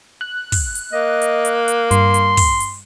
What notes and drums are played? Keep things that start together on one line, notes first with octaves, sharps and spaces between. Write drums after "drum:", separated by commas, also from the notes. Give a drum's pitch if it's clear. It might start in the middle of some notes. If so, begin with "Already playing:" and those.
F#6
drum: kick, open hi-hat
drum: hi-hat
A#3 D#5
drum: hi-hat
drum: hi-hat
drum: hi-hat
G2 C6, drum: hi-hat
drum: hi-hat
drum: kick, open hi-hat
drum: hi-hat